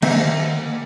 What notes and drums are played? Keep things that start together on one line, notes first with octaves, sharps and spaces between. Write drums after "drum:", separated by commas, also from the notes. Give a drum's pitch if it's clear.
D#3 A#3 E5, drum: cymbal